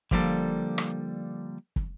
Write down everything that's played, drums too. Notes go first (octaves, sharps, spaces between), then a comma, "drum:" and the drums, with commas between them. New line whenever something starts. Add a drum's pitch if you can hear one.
D3 F3 G3 A#3 A4, drum: kick
drum: rim click
drum: kick